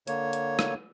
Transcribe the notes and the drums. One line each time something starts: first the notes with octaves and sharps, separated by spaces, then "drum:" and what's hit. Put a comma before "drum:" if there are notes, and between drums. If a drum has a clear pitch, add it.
D3 A#3 C#5, drum: hi-hat
drum: hi-hat
drum: rim click